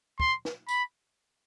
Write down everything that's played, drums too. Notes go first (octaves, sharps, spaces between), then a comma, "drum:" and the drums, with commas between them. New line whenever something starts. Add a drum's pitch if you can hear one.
C6, drum: kick
drum: snare
B5, drum: tambourine